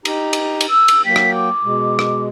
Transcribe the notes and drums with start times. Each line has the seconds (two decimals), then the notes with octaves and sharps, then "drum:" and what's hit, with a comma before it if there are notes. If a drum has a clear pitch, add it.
0.05 D#4 G4 A#5, drum: cymbal
0.33 drum: cymbal
0.61 drum: cymbal
0.70 E6
0.88 drum: cymbal
1.06 F#3 A#3 G5 B6
1.16 drum: rim click
1.35 D6
1.64 B2 G#3
1.99 drum: rim click